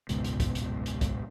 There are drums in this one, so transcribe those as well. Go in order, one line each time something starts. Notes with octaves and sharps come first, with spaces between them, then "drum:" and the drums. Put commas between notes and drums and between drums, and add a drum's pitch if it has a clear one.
F#1 C#2 G#2 B2, drum: hi-hat
drum: hi-hat
drum: kick A#1, hi-hat
drum: hi-hat
drum: hi-hat
drum: kick A#1, hi-hat